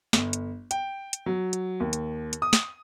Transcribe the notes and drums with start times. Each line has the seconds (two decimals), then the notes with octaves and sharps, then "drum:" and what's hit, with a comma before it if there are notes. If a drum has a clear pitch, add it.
0.13 G1, drum: snare
0.33 drum: hi-hat
0.71 G5, drum: hi-hat
1.13 drum: hi-hat
1.26 F#3
1.53 drum: hi-hat
1.80 D#2
1.93 drum: hi-hat
2.33 drum: hi-hat
2.42 D#6
2.53 drum: snare